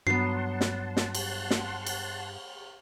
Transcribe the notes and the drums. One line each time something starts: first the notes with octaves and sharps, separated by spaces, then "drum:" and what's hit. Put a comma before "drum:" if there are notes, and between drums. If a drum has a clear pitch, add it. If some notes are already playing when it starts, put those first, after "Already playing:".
G2 F#3 B3 F#5 A5 C6 C7
drum: snare
drum: snare
drum: cymbal
drum: snare
drum: cymbal